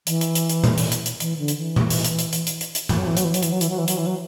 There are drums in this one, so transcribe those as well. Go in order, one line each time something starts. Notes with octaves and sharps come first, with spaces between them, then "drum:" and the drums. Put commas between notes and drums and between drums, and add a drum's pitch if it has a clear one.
E3, drum: hi-hat
drum: hi-hat
drum: hi-hat
drum: hi-hat
drum: tom A#2
drum: hi-hat
drum: hi-hat
drum: hi-hat
E3, drum: hi-hat
D3
drum: hi-hat
E3
drum: tom A#2
drum: hi-hat
drum: hi-hat
drum: hi-hat
drum: hi-hat
drum: hi-hat
drum: hi-hat
drum: hi-hat
E3, drum: tom A2
F#3
E3
F#3, drum: hi-hat
E3
F#3, drum: hi-hat
E3, drum: hi-hat
F#3
E3, drum: hi-hat
F#3
E3
F#3, drum: hi-hat
E3
F#3